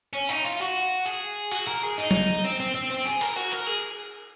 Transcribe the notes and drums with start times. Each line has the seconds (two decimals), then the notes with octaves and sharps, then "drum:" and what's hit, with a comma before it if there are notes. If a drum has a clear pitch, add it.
0.13 C#4
0.29 D#4, drum: open hi-hat
0.45 F4
0.60 F#4
1.05 G#4
1.51 F#4, drum: cymbal
1.67 A#4
1.83 G#4
1.98 D#4
2.11 drum: tom F#3
2.44 C4
2.60 C4
2.74 C4
2.90 C4
3.05 G#4
3.21 A#4, drum: cymbal
3.36 F#4, drum: hi-hat
3.51 A#4
3.67 G#4